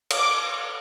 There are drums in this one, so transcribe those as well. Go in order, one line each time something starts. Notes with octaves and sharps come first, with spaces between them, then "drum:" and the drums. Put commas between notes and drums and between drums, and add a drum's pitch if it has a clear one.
D6, drum: cymbal